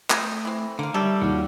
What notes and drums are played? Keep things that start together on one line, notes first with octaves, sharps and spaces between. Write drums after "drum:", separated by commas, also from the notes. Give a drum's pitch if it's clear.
A3 D#6 G6, drum: clap
E3 C4
D3 A#3 F5
D#3 G3 A4 C#5 E5
D#2 F4 F#4 C#5